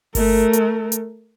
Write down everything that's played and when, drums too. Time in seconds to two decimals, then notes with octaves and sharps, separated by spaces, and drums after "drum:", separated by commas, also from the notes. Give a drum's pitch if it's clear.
0.15 A3 A#4, drum: kick G1, open hi-hat
0.53 drum: hi-hat
0.92 drum: hi-hat